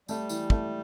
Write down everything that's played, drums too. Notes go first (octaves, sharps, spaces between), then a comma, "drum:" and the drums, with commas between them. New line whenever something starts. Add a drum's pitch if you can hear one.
G3 A3, drum: tambourine
E3, drum: tambourine
A3, drum: kick